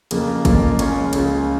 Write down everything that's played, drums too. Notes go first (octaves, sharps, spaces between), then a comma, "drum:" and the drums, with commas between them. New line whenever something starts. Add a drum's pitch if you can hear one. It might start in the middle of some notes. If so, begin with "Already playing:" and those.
F2 C#3 A#3 F4, drum: cymbal
F2 C#3 A#3 F4, drum: kick, cymbal
C#2 C#3 G#3 C#4 F4, drum: cymbal
C#2 C#3 G#3 C#4 F4, drum: cymbal